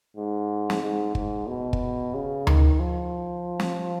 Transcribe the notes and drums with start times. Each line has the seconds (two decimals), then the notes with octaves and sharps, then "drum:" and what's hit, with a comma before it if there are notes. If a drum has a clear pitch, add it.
0.17 G#2
0.70 drum: snare
0.82 G#2
1.15 G#2, drum: kick
1.48 B2
1.73 drum: kick
2.14 C#3
2.47 D#3, drum: tom D2
2.80 F3
3.60 drum: snare